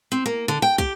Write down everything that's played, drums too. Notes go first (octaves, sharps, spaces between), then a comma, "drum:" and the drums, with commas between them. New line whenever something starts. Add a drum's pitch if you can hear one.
C4
A#3
D3
G5
G4, drum: kick